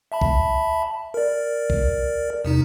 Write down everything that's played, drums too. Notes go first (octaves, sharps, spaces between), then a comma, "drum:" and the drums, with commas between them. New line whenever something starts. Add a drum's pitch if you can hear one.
E5 A5 B5
drum: kick B1
A#4 D5
drum: kick B1
E2 C3 D#4